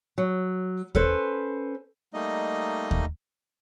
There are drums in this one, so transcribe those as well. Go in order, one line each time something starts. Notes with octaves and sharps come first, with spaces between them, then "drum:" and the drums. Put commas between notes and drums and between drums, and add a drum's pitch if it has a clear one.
F#3
C#4 A4 B4 C5, drum: kick D#2
G3 A3 A#3 D#4 D#5
drum: kick D#2